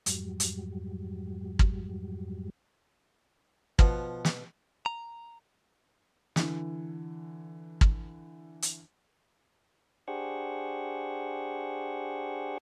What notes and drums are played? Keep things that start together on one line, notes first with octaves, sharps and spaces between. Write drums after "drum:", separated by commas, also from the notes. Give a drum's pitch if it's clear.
F2 G#2 F#3 G3, drum: hi-hat
drum: hi-hat
drum: kick
B2 F3 F#5, drum: kick
drum: snare
A#5
D3 E3, drum: snare
drum: kick
drum: hi-hat
D4 G4 G#4 C5 F#5 C#6